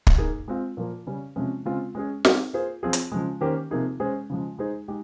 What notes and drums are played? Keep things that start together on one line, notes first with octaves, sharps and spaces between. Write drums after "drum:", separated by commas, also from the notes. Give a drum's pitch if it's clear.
drum: kick
A#3 D#4 G#4
G#3 C4 F4
A#2 F3 A#3
C#3 G3 C#4
C3 F3 G#3 C#4
C#3 G#3 C4 F4
G#3 C#4 G#4
G3 C4 D#4 G#4, drum: snare
A#3 F4 G#4 C5
F3 C4 F4 G#4
drum: hi-hat
C#3 F3 G#3
D#3 A#3 C#4 G4 C5
C3 F3 A#3 D#4 G#4
G#3 C#4 G#4 C5
C#3 F3 G#3
G#3 D#4 G#4 C5
G#3 D#4 G4